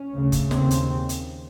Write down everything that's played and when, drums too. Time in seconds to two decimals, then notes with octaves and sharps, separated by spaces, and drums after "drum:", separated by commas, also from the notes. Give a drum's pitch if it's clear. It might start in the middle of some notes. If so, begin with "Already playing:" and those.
Already playing: C#4
0.13 D2 C#3
0.32 drum: kick F#1, hi-hat
0.51 D#2 C#3 C4, drum: snare
0.71 drum: hi-hat
1.09 drum: hi-hat